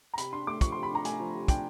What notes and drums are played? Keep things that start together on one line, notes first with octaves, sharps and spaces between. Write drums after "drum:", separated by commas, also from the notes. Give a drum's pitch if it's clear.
A#5
C3 B5, drum: hi-hat
D4 C6
A3 D6
F3 C#6, drum: kick, hi-hat
C6
C3
B5
D4 A#5
A3 G#5, drum: hi-hat
F3
C3
D4 G5, drum: kick, hi-hat